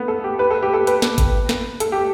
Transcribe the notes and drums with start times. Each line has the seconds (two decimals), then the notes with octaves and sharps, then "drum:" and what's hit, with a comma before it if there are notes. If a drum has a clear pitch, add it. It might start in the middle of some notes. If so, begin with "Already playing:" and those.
Already playing: A3 B3
0.08 A4
0.24 G4
0.39 B4
0.50 A4
0.63 G4
0.73 A4
0.87 B4, drum: hi-hat
1.02 drum: snare
1.18 drum: kick G1, hi-hat
1.49 drum: snare
1.80 A4, drum: hi-hat
1.92 G4